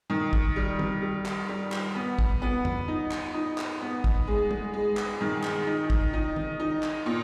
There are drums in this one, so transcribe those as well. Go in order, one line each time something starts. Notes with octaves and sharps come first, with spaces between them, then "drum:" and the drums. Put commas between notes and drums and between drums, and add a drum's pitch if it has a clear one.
D#3
drum: kick
G3
drum: tom D#3
G3
drum: clap
G3
drum: clap
B3
drum: kick
B3
drum: tom E2
D#4
drum: clap
D#4
drum: clap
B3
drum: kick
G#3
drum: tom G#3
G#3
drum: clap
D#3
drum: clap
D#4
drum: kick
D#4
drum: tom D#3
D#4
drum: clap
A#2